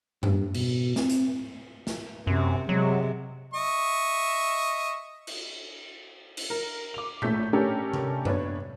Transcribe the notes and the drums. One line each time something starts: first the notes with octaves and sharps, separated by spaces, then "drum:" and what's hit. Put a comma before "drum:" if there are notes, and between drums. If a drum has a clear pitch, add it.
G2, drum: tom F#2
B2, drum: cymbal
C4, drum: snare
drum: hi-hat
drum: snare
F#2 C3 C4
C3 F#3 G#3
D#5 E5 C#6
drum: cymbal
drum: cymbal
A#4
D6 F7
A1 A#2 A3 A4 G6 B6, drum: tom A#2
A3 C#4 D4 G4 A4 A#4
drum: tom C3
B3 D4 B4 C#5, drum: tom F#2